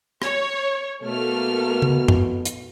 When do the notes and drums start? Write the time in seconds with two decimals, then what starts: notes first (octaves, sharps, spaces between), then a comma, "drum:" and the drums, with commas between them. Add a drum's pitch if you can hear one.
0.22 C#5, drum: rim click
1.03 B2 A3 A#3 F6
1.82 drum: tom
2.08 drum: tom F#2
2.45 drum: hi-hat